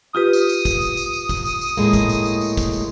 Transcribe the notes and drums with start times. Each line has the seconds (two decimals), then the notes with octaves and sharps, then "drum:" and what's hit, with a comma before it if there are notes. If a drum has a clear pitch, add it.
0.15 F4 G4 B4 D#6
0.33 drum: tambourine
0.49 drum: tambourine
0.65 drum: kick, tambourine
0.81 drum: tambourine
0.97 drum: tambourine
1.13 drum: tambourine
1.29 drum: kick, tambourine
1.45 drum: tambourine
1.61 drum: tambourine
1.77 A2 G#3 A#3, drum: tambourine
1.93 drum: kick, tambourine
2.09 drum: tambourine
2.25 drum: tambourine
2.41 drum: tambourine
2.57 drum: kick, tambourine
2.73 drum: tambourine